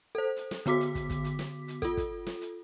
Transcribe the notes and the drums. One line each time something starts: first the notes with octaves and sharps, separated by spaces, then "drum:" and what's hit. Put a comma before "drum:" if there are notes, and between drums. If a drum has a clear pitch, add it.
A4 C5
drum: hi-hat
drum: snare
D3 B3 F#4 D6 B6, drum: hi-hat
drum: hi-hat
drum: kick, hi-hat
drum: kick, hi-hat
drum: hi-hat
drum: snare
drum: hi-hat
F4 A4, drum: kick, hi-hat
drum: kick, hi-hat
drum: snare
drum: hi-hat